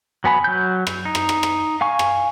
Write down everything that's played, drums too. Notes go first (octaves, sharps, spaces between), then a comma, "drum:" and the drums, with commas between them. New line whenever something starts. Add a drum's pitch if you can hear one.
F#3 B3 G#5 B5
F#3 G6
drum: rim click
D#4
drum: rim click
drum: rim click
drum: rim click
F5 G#5 C#6
drum: rim click